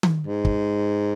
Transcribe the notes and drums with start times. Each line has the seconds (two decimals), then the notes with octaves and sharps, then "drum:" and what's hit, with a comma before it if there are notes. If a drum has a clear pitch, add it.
0.03 drum: tom D#3
0.26 G#2
0.45 drum: kick